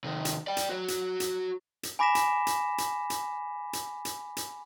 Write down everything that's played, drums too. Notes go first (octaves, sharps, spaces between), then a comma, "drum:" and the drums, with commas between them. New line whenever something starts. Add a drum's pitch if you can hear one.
C3 D#3
drum: hi-hat
D5 G5
drum: hi-hat
F#4 C#5
drum: hi-hat
drum: hi-hat
drum: hi-hat
G#5 B5 D6 A#6 B6 E7
drum: hi-hat
drum: hi-hat
drum: hi-hat
drum: hi-hat
drum: hi-hat
drum: hi-hat
drum: hi-hat